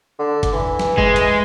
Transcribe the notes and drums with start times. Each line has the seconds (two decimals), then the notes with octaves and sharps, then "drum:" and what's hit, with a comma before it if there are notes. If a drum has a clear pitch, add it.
0.19 D3
0.43 drum: kick G1, hi-hat
0.53 E3
0.79 drum: snare
0.98 G#3, drum: kick G1
1.16 drum: hi-hat